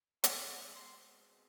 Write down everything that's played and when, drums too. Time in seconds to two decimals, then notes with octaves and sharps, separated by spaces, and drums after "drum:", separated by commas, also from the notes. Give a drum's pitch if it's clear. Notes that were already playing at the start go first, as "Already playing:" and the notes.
0.24 B2 G#3 C4 C6, drum: hi-hat
0.74 C6